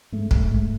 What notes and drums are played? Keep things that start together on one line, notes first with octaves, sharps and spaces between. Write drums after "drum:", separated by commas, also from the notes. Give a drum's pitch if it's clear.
G#2 A3
G#2, drum: kick
G#2